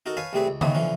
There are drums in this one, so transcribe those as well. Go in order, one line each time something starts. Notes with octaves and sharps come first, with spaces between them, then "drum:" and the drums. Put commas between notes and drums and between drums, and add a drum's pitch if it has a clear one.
D#4 F#4 A4 A#4
B4 C#5 F5 G#5 A5
C2 G3 A3 C4 G#4 B4
C#2
D#3 E3 A#3 B4 C#5, drum: tom C#3
D3 E3 F3 C#4